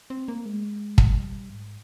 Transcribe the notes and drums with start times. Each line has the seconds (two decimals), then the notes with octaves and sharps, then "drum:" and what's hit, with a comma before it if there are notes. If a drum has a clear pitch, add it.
0.10 C4
0.28 A#3
0.46 G#3
0.98 G3, drum: kick
1.50 G#2